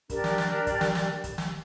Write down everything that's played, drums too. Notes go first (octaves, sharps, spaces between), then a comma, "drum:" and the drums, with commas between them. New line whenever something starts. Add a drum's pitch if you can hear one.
D4 G4 A#4 D5, drum: kick, hi-hat
drum: snare
drum: snare
drum: kick, hi-hat
drum: snare
drum: snare
drum: kick, hi-hat
drum: snare